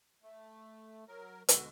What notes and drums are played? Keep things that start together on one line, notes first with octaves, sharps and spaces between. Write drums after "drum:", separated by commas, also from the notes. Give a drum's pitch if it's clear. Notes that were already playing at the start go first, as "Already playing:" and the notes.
A3
F#3 A#4
D2 B2 D3 G#3 F#4, drum: hi-hat